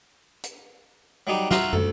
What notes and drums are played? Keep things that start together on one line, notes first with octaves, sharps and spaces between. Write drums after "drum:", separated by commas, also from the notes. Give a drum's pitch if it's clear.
drum: hi-hat
F#3 G3 D#4 G4
F4 F#4 E5 F5 A#5 C6, drum: snare
D2 A4, drum: tom